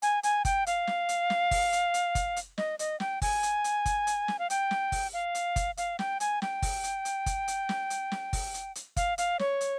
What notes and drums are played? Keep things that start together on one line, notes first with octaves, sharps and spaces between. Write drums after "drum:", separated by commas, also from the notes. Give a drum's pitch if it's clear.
G#5, drum: hi-hat
G#5, drum: hi-hat
G5, drum: kick, hi-hat
F5, drum: hi-hat
drum: snare
drum: hi-hat
drum: snare
drum: kick, open hi-hat
drum: hi-hat
drum: hi-hat
drum: kick, hi-hat
drum: hi-hat
D#5, drum: snare
D#5, drum: hi-hat
G5, drum: snare
G#5, drum: kick, open hi-hat
drum: hi-hat
drum: hi-hat
drum: kick, hi-hat
drum: hi-hat
drum: snare
F5
G5, drum: hi-hat
drum: snare
drum: kick, open hi-hat
F5
drum: hi-hat
drum: kick, hi-hat
F5, drum: hi-hat
G5, drum: snare
G#5, drum: hi-hat
G5, drum: snare
drum: kick, open hi-hat
drum: hi-hat
drum: hi-hat
drum: kick, hi-hat
drum: hi-hat
drum: snare
drum: hi-hat
drum: snare
drum: kick, open hi-hat
drum: hi-hat
drum: hi-hat
F5, drum: kick, hi-hat
F5, drum: hi-hat
C#5, drum: snare
drum: hi-hat